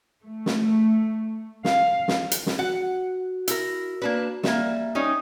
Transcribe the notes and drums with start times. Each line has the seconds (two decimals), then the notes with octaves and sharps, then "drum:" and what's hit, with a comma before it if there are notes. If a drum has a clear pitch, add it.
0.22 A3
0.46 drum: snare
1.65 F5, drum: snare
2.08 drum: snare
2.31 drum: hi-hat
2.46 drum: snare
2.59 F#4 F#5
3.48 E4 A#4, drum: hi-hat
4.02 A#3 D4 B4
4.43 G3 A#3 E5, drum: snare
4.95 G3 C#4 D#4 D#6